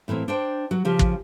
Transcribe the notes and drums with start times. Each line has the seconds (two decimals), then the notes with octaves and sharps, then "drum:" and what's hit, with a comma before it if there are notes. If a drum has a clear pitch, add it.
0.08 A2 E3 A#3 C4
0.28 D4 C5 G5
0.71 F#3 F#4
0.85 C#3 F3 G4
0.99 drum: kick